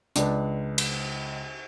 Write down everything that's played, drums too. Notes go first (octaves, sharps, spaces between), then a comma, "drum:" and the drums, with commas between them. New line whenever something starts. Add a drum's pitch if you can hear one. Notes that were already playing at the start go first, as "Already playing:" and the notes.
C#2 D4 B4, drum: hi-hat
drum: cymbal